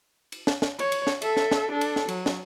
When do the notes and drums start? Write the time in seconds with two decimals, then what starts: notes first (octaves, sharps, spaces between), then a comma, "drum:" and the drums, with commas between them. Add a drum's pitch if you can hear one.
0.32 drum: cymbal
0.47 drum: snare
0.62 drum: snare
0.79 C#5, drum: cymbal
0.92 drum: cymbal
1.07 drum: snare
1.22 A4 E5, drum: cymbal
1.37 drum: snare
1.51 drum: snare
1.71 D4 A4
1.81 drum: cymbal
1.96 drum: snare
2.09 F#3, drum: cymbal
2.26 drum: snare